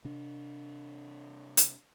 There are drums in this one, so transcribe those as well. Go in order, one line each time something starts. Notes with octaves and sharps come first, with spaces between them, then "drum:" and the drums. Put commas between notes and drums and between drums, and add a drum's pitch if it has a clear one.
C3 D4
drum: hi-hat